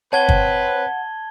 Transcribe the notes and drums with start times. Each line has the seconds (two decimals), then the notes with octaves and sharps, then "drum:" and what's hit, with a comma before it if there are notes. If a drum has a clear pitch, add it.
0.13 C4 B4 C#5 F5 F#5 A5 G#6 G7
0.29 drum: kick